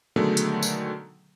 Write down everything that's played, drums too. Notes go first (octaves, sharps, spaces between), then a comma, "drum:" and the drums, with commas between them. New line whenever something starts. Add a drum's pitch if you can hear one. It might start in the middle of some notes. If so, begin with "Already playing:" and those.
B2 D3 D#3 F#3 G#3 A3
drum: hi-hat
drum: tambourine